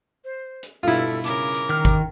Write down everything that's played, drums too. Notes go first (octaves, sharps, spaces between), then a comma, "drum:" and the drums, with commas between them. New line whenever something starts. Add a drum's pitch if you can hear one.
C5
drum: hi-hat
G2 B2 E4 F4 A4
drum: hi-hat
C#3 A#4 D6, drum: hi-hat
drum: hi-hat
D#3 F6
drum: kick G#1, hi-hat